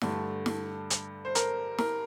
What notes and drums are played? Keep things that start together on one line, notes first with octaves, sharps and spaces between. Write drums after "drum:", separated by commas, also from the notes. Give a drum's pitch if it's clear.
G2 D3 A3, drum: snare
drum: snare
drum: hi-hat
C5
A#4, drum: hi-hat
A#4, drum: snare